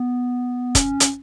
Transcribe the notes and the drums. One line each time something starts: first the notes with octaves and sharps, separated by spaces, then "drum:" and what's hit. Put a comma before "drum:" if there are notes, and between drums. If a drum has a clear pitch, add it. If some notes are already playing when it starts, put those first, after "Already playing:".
Already playing: B3
C#4, drum: kick, hi-hat
drum: hi-hat